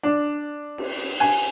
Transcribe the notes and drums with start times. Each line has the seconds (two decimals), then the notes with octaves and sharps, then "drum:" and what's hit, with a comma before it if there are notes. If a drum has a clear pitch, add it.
0.03 D4
0.78 drum: cymbal
1.20 G#5